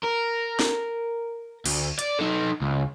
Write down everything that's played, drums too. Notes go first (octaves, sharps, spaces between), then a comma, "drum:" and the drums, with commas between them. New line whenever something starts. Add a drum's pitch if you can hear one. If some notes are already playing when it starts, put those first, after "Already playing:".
A#4
drum: snare
D2, drum: cymbal
D5, drum: hi-hat
D#4 A4
C#2